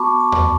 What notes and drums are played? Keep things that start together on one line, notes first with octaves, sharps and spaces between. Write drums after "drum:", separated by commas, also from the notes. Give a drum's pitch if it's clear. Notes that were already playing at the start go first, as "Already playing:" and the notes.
Already playing: B3 F#4 A5 B5 C#6 D6
A5
drum: tom D#2